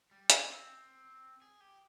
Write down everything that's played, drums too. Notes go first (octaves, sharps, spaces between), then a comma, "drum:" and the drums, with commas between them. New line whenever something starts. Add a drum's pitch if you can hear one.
G3
A#3, drum: hi-hat
C4
G#4
G4